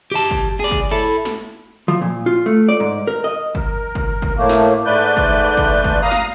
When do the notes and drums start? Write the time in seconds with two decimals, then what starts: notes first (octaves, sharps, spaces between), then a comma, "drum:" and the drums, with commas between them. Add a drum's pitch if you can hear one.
0.12 G4 A5
0.31 drum: kick G1
0.60 G#4 D5
0.71 drum: kick G1
0.91 E4 A4
1.25 drum: snare
1.88 F3
2.01 A#2
2.26 F4
2.46 A3
2.69 D5
2.80 G#2
3.07 A#4
3.24 D#5
3.55 A#4, drum: kick G1
3.95 drum: kick G1
4.22 drum: kick G1
4.37 A2 A3 A#3
4.49 drum: snare
4.85 G#2 A3 B4 D5 G6
5.17 drum: kick G1
5.57 drum: kick G1
5.84 drum: kick G1
6.02 F5 A#5 D#6
6.11 drum: snare